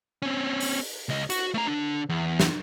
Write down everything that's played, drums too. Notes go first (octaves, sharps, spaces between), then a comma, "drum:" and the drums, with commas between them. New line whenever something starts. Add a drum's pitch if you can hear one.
C4 C#4
drum: open hi-hat
C#2 D#5
F#4, drum: hi-hat
A3 A#5
D3 D4
E2
drum: snare